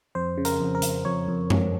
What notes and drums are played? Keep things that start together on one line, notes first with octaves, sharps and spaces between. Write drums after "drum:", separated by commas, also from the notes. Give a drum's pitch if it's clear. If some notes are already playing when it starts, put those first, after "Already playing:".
F2 C5
C#3
A#4, drum: hi-hat
F2
A#4
F2, drum: hi-hat
F2 C#5
F2
F2, drum: tom F#2